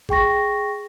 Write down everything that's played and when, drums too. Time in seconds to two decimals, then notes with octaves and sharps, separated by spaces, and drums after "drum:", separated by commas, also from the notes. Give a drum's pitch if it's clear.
0.09 G#4 G5 C#6 A#6, drum: kick G#1